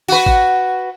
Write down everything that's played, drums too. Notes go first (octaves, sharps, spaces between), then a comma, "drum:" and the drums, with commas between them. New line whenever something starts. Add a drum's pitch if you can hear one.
F#4 B4, drum: cymbal
drum: kick